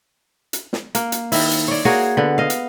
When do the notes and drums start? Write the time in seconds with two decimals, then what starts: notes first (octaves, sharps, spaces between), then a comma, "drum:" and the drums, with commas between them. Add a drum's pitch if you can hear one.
0.53 drum: hi-hat
0.73 drum: snare
0.95 A#3, drum: hi-hat
1.12 drum: hi-hat
1.32 D#3 E4, drum: open hi-hat
1.51 drum: hi-hat
1.68 C#5 D5
1.85 A#3 F#4 G#4 C#5
2.17 D3 B3
2.38 D#5 F5
2.50 drum: hi-hat